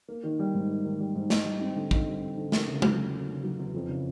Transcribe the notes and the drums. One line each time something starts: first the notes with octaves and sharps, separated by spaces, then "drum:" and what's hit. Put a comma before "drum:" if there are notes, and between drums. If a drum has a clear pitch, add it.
A#3
D#3
G3
G#2
A#3
D#3
G3
G#2
D#4, drum: snare
G3
C4
D3
D#4, drum: kick
G3
C4
D3
A#3, drum: snare
C#3
F#3, drum: tom
E2
A#3
C#3
F#3
E2
F2
C#3